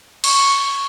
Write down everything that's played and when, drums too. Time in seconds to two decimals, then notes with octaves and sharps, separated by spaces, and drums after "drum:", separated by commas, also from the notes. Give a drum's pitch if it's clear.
0.24 C#6, drum: cymbal